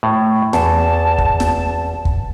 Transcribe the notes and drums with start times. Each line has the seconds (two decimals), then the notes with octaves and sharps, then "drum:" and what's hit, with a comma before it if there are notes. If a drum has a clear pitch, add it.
0.03 A2
0.53 E2 A5, drum: snare
1.18 drum: kick
1.40 drum: snare
2.05 drum: kick